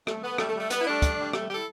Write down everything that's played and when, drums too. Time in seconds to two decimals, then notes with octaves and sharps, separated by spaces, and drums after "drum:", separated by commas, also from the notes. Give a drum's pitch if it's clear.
0.07 A3, drum: rim click
0.23 A3 B3
0.38 G3 A3, drum: rim click
0.49 A3
0.55 G3
0.60 A3
0.70 G3 B3, drum: hi-hat
0.80 E4
0.86 G3 A3 D4
1.02 G3, drum: kick, hi-hat
1.18 G3
1.33 G3 A3, drum: rim click
1.48 G3 G4
1.54 E4 A4